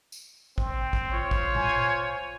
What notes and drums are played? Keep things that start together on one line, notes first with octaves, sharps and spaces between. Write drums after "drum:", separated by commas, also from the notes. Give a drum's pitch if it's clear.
drum: tambourine
C4, drum: kick
drum: kick
F4 C5 C#5
drum: kick
G#5, drum: tom A#2